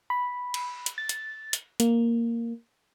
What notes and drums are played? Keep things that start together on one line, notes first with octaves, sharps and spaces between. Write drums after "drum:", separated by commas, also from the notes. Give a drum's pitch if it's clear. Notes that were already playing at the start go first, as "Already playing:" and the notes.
B5
drum: cymbal
drum: hi-hat
A6
drum: hi-hat
drum: hi-hat
A#3, drum: hi-hat